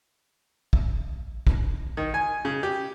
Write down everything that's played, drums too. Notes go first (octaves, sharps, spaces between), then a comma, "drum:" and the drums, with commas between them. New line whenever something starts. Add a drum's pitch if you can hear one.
drum: kick
drum: kick
D#3
G#5
C#3
G4